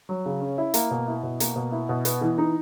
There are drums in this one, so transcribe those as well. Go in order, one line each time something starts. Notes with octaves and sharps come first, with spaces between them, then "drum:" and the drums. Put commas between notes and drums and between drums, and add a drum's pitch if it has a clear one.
F#3
C#3
C#4
E4
A#3, drum: hi-hat
B2
E4
B2
A#3, drum: hi-hat
B2
E4
B2
B3, drum: hi-hat
E3
D#4